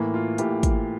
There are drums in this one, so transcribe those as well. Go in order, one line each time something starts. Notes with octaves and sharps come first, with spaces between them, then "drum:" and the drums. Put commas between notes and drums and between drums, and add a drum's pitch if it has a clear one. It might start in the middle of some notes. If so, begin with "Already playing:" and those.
Already playing: A2 E3 A#3
F4
A2 E3 A#3 G4, drum: hi-hat
drum: kick, hi-hat